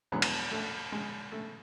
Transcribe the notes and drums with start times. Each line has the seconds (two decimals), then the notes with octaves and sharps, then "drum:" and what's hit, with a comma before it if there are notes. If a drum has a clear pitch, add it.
0.12 E2 D3 F#3 G#3 B3
0.22 drum: cymbal
0.52 A3
0.92 G#3
1.32 A3